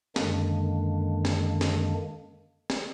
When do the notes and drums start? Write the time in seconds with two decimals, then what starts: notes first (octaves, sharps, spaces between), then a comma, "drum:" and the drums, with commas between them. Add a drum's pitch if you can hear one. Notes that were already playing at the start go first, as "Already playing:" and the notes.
0.16 F#2 D3 D#3 G#3 A#3 D4, drum: snare
1.25 drum: snare
1.61 drum: snare
2.70 drum: snare